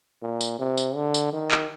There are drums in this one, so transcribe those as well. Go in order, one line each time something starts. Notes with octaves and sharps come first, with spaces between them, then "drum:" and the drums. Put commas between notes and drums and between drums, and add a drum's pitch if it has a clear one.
A#2
drum: tambourine
C3
drum: tambourine
D3
drum: tambourine
D#3
drum: clap